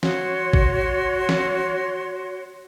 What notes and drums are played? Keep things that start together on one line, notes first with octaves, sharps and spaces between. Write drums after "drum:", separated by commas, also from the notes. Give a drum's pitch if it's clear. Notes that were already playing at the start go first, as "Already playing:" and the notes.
F#4 C#5 C6, drum: snare
drum: kick
drum: snare